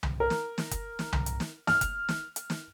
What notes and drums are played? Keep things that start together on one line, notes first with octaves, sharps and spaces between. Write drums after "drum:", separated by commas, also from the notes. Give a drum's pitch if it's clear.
drum: tom C2
A#4
drum: snare
drum: snare
drum: kick F#1, hi-hat
drum: snare
drum: tom C2
drum: hi-hat
drum: snare
F6, drum: snare
drum: kick F#1, hi-hat
drum: snare
drum: hi-hat
drum: snare